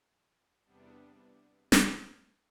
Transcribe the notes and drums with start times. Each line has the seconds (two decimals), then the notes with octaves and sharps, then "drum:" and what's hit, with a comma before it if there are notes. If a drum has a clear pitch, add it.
0.64 E2 C3 G3 B3 D4
1.72 drum: snare